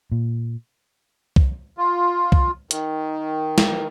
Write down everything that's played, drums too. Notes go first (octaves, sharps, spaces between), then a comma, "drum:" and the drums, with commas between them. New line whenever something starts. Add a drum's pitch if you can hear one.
A#2
drum: kick C2
F4
drum: kick C2
D#3, drum: hi-hat
drum: snare